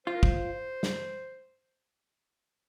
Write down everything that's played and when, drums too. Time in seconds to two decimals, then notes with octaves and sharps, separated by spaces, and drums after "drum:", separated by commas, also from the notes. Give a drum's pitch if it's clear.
0.06 F4 C5
0.15 A#4
0.23 C5, drum: kick
0.83 drum: snare